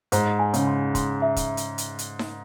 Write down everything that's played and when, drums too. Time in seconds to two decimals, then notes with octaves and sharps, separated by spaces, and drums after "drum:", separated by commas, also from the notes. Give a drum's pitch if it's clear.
0.12 G#2 C5, drum: hi-hat
0.39 G#5
0.54 C#3, drum: hi-hat
0.67 C6
0.95 C6, drum: kick, hi-hat
1.22 E5
1.36 drum: kick, hi-hat
1.57 drum: hi-hat
1.78 drum: hi-hat
1.99 drum: hi-hat
2.19 drum: snare D#4